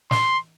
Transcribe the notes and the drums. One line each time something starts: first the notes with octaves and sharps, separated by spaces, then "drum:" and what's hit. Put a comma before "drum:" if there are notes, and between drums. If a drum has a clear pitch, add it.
C6, drum: snare